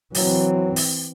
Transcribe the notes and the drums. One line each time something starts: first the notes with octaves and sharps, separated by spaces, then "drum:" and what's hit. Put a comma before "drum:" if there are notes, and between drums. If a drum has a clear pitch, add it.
E3 F#3 C4, drum: open hi-hat
drum: open hi-hat